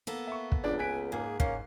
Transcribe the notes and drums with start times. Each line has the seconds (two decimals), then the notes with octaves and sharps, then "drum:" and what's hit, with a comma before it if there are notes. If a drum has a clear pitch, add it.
0.07 A#3 B3 A4
0.27 E5 C#6
0.52 drum: kick
0.64 C#2 F3 D4 D5
0.79 G#5 F#6 B6 D7
1.12 G#2 A#3 G#4
1.40 G#2 A#3 C#4 C7, drum: kick